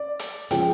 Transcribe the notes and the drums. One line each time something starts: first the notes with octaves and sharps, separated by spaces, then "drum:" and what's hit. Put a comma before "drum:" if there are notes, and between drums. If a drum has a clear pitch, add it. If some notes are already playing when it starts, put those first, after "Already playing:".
Already playing: D5
drum: hi-hat
C#3 F3 G#3 G5, drum: hi-hat